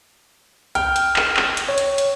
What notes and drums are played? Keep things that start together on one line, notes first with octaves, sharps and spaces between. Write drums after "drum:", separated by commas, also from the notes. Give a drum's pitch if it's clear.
G5 F6, drum: hi-hat
drum: hi-hat
drum: clap
drum: clap
drum: hi-hat
C#5
drum: hi-hat
drum: hi-hat